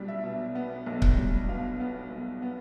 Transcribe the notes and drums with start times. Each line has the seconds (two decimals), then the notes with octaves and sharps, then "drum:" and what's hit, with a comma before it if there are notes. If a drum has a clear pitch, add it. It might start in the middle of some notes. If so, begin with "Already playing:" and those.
Already playing: B1 B2 G3 D5
0.08 E5
0.24 B2
0.55 B3
0.86 B1
1.02 drum: kick C#1
1.17 G3
1.48 B2 F5
1.80 B3
2.10 B1
2.42 B3